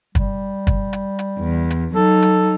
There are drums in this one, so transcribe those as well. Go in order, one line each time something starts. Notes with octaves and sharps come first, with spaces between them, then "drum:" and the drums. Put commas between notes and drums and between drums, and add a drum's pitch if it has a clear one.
G3, drum: kick, hi-hat
drum: kick, hi-hat
drum: hi-hat
drum: hi-hat
E2
drum: hi-hat
F#3 D#4 A4
drum: hi-hat